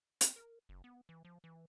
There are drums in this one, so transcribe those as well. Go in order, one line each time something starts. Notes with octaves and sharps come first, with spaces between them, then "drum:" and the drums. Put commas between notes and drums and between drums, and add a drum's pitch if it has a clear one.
C4, drum: hi-hat
A#4
F#1
B3
E3
F3
E3